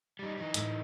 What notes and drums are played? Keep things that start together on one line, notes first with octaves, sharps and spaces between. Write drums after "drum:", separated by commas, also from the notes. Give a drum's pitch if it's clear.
G3 D#4
E3 D#4
A2, drum: hi-hat